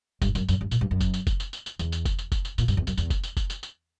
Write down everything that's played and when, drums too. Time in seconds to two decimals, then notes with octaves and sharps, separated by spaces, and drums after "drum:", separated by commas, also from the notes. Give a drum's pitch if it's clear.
0.22 G2, drum: kick F1, tambourine
0.35 F#2, drum: tambourine
0.49 F#2, drum: tambourine
0.61 G2
0.71 A#2, drum: tambourine
0.81 G2
0.91 F#2
1.01 drum: kick F1, tambourine
1.14 drum: tambourine
1.27 drum: kick F1, tambourine
1.40 drum: tambourine
1.53 drum: tambourine
1.66 drum: tambourine
1.79 E2, drum: tambourine
1.92 drum: tambourine
2.05 drum: kick F1, tambourine
2.19 drum: tambourine
2.32 drum: kick F1, tambourine
2.45 drum: tambourine
2.58 A#2, drum: tambourine
2.68 G2, drum: tambourine
2.77 E2
2.87 F#2, drum: tambourine
2.97 E2, drum: tambourine
3.10 drum: kick F1, tambourine
3.24 drum: tambourine
3.37 drum: kick F1, tambourine
3.50 drum: tambourine
3.63 drum: tambourine